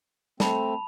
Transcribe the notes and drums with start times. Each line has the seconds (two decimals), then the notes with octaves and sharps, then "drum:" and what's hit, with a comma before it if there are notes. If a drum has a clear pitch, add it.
0.40 A3 C4 A5 B5 F7, drum: snare